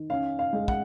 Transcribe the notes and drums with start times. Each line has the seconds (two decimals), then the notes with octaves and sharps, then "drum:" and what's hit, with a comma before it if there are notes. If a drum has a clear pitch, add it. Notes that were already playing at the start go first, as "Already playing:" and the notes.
Already playing: D#3
0.10 C#4 F5
0.39 F5
0.53 G#3
0.68 F#5, drum: kick